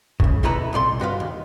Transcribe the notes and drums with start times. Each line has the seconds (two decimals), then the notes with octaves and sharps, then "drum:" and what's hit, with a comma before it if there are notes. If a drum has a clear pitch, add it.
0.20 C#2 C#3, drum: kick A#1
0.43 D2 B2 E4 A4 B4 A#5
0.73 C2 A#2 D5 C6
1.00 G2 F#4 B4 F5
1.20 D#2